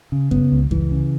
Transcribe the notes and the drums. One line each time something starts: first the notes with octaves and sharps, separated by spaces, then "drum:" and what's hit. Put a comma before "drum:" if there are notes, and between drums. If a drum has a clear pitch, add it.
C#3
C#3 B3, drum: kick F#2
C#2
C#2 E3, drum: kick F#2
C#3